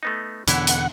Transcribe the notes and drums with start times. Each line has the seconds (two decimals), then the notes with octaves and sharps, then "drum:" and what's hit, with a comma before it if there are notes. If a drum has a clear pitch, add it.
0.03 A3 B3 D#4
0.48 E2 B2 D3 E3 E4 C#5 F#5, drum: hi-hat
0.67 drum: hi-hat